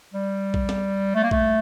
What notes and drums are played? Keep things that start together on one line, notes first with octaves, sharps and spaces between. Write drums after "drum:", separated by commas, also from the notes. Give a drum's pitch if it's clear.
G3
drum: kick
drum: snare
A3
A#3
A3, drum: kick